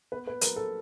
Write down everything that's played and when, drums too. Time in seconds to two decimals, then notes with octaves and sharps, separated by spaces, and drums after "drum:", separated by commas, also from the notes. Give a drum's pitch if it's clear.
0.12 B3 B4
0.27 B4
0.41 F#3 A#4, drum: hi-hat
0.56 A4